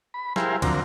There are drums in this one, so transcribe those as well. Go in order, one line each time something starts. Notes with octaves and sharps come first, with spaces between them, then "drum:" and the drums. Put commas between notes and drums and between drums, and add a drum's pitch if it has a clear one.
B5
E4 G4 G#4 A#4 C5 F5, drum: snare
D3 F3 F#3 C4 A#4, drum: kick, cymbal